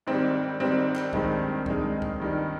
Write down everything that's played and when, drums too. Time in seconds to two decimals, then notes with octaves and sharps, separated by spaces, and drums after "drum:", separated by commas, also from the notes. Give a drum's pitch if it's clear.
0.07 G#2 D#3 G3 C4
0.60 G#2 D#3 G3 C4
0.96 drum: clap
1.13 G2 D#3 G#3, drum: kick C2
1.66 G2 D#3 G#3, drum: kick C2
2.02 drum: kick C2
2.20 G2 D#3 G3